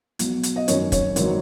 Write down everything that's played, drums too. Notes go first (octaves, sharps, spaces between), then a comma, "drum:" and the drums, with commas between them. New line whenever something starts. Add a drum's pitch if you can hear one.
B1 B2 F#3, drum: hi-hat
drum: hi-hat
D#5
G#1 F#2 D#3 F#3 C#5, drum: hi-hat
C#5, drum: kick, hi-hat
G#1 D#3 F#3, drum: hi-hat